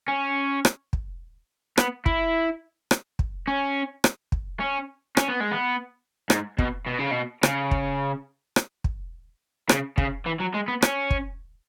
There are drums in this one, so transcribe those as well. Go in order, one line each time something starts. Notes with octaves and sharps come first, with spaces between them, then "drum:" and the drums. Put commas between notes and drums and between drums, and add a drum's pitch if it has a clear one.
C#4
drum: rim click
drum: kick
B3, drum: rim click
E4, drum: kick
drum: rim click
drum: kick
C#4
drum: rim click
drum: kick
C#4
C#4, drum: rim click
B3
G#3
B3
G#2, drum: rim click
B2, drum: kick
B2
C#3
B2
C#3, drum: rim click
drum: kick
drum: rim click
drum: kick
C#3, drum: rim click
C#3, drum: kick
E3
F#3
G#3
B3
C#4, drum: rim click
drum: kick